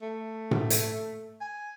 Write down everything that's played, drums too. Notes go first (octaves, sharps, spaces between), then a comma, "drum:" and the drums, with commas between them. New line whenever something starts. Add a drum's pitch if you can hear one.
A3
drum: tom A2
drum: hi-hat
G#5